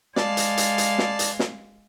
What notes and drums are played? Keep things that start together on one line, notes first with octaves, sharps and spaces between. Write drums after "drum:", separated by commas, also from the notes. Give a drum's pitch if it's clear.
G#3 D5 F5 A5, drum: snare
drum: hi-hat
drum: hi-hat
drum: hi-hat
drum: snare
drum: hi-hat
drum: snare